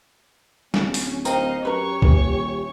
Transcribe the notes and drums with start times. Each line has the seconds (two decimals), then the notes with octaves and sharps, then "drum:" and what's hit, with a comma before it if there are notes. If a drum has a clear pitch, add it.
0.74 D1 C#4, drum: snare
0.94 drum: open hi-hat
1.25 C4 D#4 A#4 D#5 F5, drum: tambourine
1.65 F#2 G4 A#4 B4 C#5 C#6
2.02 D#1 E3, drum: kick C2